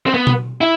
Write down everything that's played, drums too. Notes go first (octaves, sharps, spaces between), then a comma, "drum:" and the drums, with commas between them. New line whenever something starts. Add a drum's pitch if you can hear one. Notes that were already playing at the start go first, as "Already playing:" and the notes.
C4
B3
drum: tom B2
E4